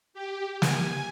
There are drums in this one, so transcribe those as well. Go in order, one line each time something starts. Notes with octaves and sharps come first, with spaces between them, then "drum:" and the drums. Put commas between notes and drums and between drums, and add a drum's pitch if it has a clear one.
G4
G#5, drum: snare